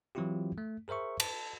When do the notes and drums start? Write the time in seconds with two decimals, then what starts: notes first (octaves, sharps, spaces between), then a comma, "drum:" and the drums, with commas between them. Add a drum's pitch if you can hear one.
0.15 E3 F#3 C4 E4 F4 G4
0.58 A3
0.88 G#4 A#4 C5 E5 C#6
1.20 A5, drum: cymbal